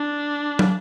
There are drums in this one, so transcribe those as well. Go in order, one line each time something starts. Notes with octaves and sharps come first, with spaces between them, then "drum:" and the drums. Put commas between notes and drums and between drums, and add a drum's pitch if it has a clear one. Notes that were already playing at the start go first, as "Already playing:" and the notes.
Already playing: D4
drum: tom